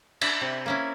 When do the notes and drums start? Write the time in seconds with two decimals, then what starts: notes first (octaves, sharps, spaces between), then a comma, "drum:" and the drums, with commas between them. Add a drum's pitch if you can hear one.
0.21 D4 E5, drum: cymbal
0.41 C3
0.66 A#3 C#4 E4